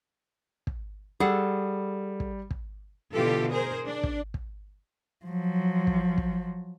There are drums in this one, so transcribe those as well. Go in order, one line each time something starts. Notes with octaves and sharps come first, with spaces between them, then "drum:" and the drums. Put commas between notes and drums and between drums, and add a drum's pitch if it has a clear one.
drum: kick
G3 G#4 A4 F#5
drum: kick
drum: kick
B2 D3 E3 F4 G4 A4
G#4 A#4 C5
D4
drum: kick
drum: kick
F3 F#3
drum: kick
drum: kick